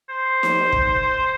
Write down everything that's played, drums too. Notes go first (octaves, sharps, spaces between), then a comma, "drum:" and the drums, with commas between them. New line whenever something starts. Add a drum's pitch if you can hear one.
C5
drum: snare
drum: kick